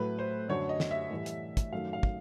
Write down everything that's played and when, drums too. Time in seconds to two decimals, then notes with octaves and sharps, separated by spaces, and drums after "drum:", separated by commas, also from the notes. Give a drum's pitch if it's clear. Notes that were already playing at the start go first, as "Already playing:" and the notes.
Already playing: A2 F#3 A3 B4
0.19 C5
0.49 F#2 D3 F#3 A3 C#5
0.69 D#5
0.80 drum: snare
0.91 E5
1.11 A2 E3 G3
1.26 drum: hi-hat
1.57 drum: kick, hi-hat
1.72 F#2 D#3 F#3 A3 F5
1.93 F5
2.03 drum: kick